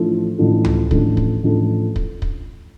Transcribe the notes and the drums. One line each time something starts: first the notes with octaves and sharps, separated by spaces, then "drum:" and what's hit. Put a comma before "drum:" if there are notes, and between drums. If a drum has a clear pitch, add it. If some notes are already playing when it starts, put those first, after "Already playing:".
Already playing: A1 A2 F3 D4 A4
A1 A2 F3 D4 A4
drum: tom C#2
A1 A2 F3 D4 A4, drum: kick
drum: kick
A1 A2 F3 D4 A4
drum: kick
drum: kick